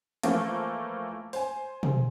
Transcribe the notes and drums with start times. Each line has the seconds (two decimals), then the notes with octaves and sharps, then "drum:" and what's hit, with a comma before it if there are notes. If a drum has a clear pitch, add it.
0.23 E3 F3 A3 A#3, drum: hi-hat
1.33 C5 G#5, drum: open hi-hat
1.83 drum: tom B2